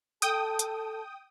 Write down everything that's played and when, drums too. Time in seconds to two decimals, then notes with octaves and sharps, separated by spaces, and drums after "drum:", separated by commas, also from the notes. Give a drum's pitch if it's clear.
0.22 A4 G5 A5 D#6, drum: hi-hat
0.59 drum: hi-hat